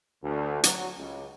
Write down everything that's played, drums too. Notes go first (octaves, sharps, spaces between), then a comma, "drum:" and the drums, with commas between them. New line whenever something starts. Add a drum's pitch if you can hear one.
D2
F#3, drum: hi-hat
C#2